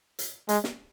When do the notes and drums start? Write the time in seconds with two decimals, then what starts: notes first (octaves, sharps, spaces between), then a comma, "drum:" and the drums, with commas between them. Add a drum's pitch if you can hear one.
0.19 drum: hi-hat
0.49 G#3, drum: hi-hat
0.64 drum: snare